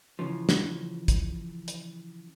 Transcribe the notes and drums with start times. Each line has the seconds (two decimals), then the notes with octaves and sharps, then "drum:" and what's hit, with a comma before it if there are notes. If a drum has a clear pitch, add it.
0.19 C#3 E3 F3
0.49 drum: snare
1.08 drum: kick, hi-hat
1.68 drum: hi-hat